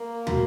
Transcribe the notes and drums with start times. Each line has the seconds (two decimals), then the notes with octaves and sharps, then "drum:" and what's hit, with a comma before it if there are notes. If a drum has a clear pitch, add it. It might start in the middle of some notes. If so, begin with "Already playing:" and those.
Already playing: A#3 A#5
0.27 F#4, drum: tom